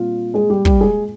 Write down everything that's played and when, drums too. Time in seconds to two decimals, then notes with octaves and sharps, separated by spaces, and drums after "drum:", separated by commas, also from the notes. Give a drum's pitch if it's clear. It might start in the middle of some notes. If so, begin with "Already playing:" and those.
Already playing: A#2 G3 C4 F4
0.34 G#3 G#4
0.50 G3 G4
0.65 G3 G4, drum: kick
0.81 G#3 G#4